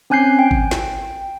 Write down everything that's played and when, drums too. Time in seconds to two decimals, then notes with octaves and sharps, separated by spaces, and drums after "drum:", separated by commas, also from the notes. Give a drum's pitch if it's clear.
0.10 C4 C#4 G#5 F#6 G6 C7
0.39 G5
0.51 drum: kick G#1
0.71 drum: snare